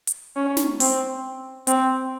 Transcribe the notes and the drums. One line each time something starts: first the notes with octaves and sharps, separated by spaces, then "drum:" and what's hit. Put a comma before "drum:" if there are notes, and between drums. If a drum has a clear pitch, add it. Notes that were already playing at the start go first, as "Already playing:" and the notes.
drum: hi-hat
C#4
drum: snare
C4, drum: open hi-hat
C4, drum: hi-hat